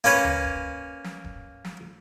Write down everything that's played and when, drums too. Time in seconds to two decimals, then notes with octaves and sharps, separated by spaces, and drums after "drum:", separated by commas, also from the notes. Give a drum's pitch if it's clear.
0.04 A#3 C#4 B4 C#5
0.24 drum: tom D2
0.44 drum: kick D#1
1.04 drum: snare
1.24 drum: kick D#1
1.64 drum: snare